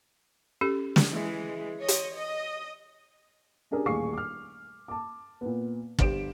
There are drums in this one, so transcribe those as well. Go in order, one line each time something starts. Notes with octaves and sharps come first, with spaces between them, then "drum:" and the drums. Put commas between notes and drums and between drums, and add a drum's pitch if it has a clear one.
C#4 G4 A4
drum: snare
E3 G#3
C#5 D#5
drum: hi-hat
D#5
C#4 D4 G4 G#4 A#4
D#1 A1 G#4 F5 C#6 C7
D6 F6
A5 D6
A#2 B3
G1 G4 C5 D7 E7, drum: kick